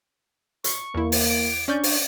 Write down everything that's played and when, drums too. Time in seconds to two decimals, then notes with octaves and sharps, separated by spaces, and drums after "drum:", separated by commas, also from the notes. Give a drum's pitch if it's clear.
0.64 C#6, drum: hi-hat
0.95 E2 A#3 E4
1.12 drum: open hi-hat
1.29 D7
1.68 C#4 D4 D5 C#6 G6
1.83 drum: open hi-hat